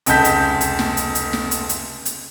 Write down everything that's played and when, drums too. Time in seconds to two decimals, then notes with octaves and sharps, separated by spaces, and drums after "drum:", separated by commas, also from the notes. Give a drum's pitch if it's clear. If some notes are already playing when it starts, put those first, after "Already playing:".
0.06 F1 C#2 A5 G6 B6, drum: hi-hat
0.24 drum: hi-hat
0.61 drum: hi-hat
0.79 drum: snare
0.97 drum: hi-hat
1.15 drum: hi-hat
1.33 drum: snare
1.51 drum: hi-hat
1.69 drum: hi-hat
2.05 drum: hi-hat